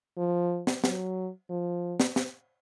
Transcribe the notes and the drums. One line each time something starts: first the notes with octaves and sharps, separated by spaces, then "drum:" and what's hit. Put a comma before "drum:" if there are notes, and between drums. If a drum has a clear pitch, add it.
F3
drum: snare
F#3, drum: snare
F3
drum: snare
drum: snare